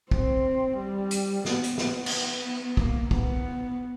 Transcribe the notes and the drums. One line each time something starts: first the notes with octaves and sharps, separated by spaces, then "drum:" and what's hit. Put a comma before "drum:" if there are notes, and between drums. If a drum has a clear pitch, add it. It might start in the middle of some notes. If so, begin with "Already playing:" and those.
C4, drum: kick
G3
drum: hi-hat
B3, drum: snare
drum: hi-hat
B3, drum: snare
drum: cymbal
A#3, drum: kick
B3, drum: kick